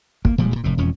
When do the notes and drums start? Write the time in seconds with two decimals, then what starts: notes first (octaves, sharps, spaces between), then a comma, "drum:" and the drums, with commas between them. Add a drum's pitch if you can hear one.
0.25 A#3, drum: kick
0.38 A#2 F3 G3 G#3
0.51 D2 A#2
0.64 F1 A2
0.78 E1 F2 F3 C#4